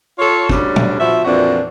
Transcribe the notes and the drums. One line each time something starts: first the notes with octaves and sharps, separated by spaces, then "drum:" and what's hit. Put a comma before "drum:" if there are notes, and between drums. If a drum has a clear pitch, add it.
F4 A4 C#5
D2 G3 C#4 D4, drum: kick
drum: tom
F3 B3 F#4 E5
F2 A#2 E3 D4 F#4